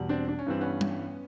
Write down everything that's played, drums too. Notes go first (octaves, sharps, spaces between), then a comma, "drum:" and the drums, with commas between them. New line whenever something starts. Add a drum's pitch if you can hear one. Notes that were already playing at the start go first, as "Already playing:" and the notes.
Already playing: E2 B2 G3
C4 D4
D4
C#4
G2 E3 G3 C4
B3 C#4
drum: tom G3